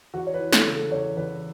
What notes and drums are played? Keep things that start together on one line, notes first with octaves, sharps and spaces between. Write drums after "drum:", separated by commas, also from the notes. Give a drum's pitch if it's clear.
E2 F#4
C#5
B4
E3
A4, drum: snare
C#3
A4
E2 C#5
E2 B4